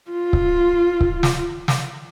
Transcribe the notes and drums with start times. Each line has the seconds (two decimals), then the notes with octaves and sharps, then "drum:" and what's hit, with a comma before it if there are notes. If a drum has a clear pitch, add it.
0.10 F4
0.33 drum: kick C#1
1.01 drum: kick C#1
1.23 drum: snare
1.68 drum: snare